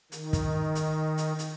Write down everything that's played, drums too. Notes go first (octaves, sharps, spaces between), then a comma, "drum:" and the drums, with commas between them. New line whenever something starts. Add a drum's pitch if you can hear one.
D#3, drum: hi-hat
drum: kick, hi-hat
drum: hi-hat
drum: hi-hat
drum: hi-hat